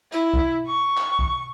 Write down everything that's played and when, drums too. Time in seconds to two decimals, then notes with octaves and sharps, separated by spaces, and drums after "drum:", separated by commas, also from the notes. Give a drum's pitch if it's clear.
0.12 E4, drum: hi-hat
0.34 drum: kick
0.67 C#6
0.98 drum: clap
1.19 drum: kick